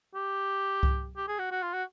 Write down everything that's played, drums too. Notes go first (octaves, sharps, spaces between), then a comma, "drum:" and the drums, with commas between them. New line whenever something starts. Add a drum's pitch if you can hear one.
G4
drum: kick C2
G4
G#4
F#4
F#4
F4
F#4